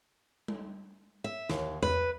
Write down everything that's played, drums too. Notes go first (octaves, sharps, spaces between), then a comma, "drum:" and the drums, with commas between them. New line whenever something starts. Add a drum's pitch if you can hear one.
drum: tom G3
E5
D#2, drum: snare
B4, drum: tom E2